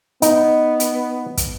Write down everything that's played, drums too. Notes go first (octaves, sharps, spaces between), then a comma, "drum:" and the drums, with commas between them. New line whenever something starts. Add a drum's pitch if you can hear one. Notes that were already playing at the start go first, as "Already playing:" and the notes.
B3 D#4, drum: hi-hat
drum: hi-hat
drum: kick, hi-hat